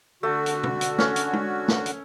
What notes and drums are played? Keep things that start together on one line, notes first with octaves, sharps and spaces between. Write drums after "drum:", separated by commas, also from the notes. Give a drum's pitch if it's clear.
D3 A3 F#4
drum: hi-hat
drum: tom
drum: hi-hat
C#4, drum: snare
drum: hi-hat
drum: tom G#3
drum: snare
drum: hi-hat